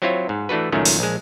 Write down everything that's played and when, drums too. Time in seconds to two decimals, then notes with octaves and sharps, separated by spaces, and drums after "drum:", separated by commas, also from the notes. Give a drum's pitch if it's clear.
0.02 F#3 C4 E4 F4 C#5
0.29 G#2
0.49 E3 A3 D4 F#4 B4
0.72 C#2 F#2 A#2 D#3 A3 C#4
0.85 drum: open hi-hat
0.99 A#1 G#3